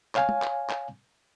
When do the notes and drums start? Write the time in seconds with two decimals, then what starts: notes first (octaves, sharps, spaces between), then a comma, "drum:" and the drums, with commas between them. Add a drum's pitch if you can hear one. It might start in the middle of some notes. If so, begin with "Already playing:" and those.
0.15 C#5 F5 G#5, drum: clap
0.29 drum: tom
0.42 drum: clap
0.70 drum: clap